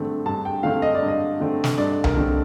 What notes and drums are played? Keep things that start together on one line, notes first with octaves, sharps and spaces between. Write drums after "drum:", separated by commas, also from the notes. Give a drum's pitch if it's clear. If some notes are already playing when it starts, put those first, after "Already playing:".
Already playing: G2 D3 A3 C4
G2 A5
G5
D3 A3 C4 F5
D#5
D5
G2
D#5
D3 A3 C4
drum: snare
G2 D5
A#4, drum: tom C2
D3 A3 C4